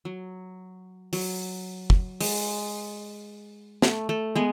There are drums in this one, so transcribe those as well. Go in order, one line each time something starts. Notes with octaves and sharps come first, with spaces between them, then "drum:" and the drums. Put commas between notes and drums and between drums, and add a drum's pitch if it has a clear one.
F#3
F#3, drum: open hi-hat
drum: kick
G#3, drum: open hi-hat
A3, drum: snare
A3
G#3 B3